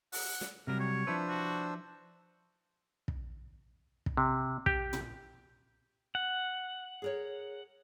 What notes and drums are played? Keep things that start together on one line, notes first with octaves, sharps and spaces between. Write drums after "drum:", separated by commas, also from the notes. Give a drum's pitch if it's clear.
F#5, drum: open hi-hat
drum: snare
C3 F#3 G3 A#4
C#5
F3 D4 E4 B4 C5 E6
F#4
drum: kick
drum: kick
C3
G4, drum: kick
drum: tom
F#5
G#4 A#4 C#5